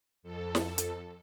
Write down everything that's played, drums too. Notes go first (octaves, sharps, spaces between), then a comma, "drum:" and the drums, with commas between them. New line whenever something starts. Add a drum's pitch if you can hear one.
F2 A4
drum: snare
drum: hi-hat